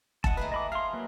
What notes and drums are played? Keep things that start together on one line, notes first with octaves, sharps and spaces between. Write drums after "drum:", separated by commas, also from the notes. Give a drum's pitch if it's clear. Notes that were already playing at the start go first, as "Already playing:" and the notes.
E4 D#5 F#5 A5, drum: kick F1
A3 A#3 G#4 B4
D#5 B5 D6
G#4 F5 C6
F#3 A#3 B4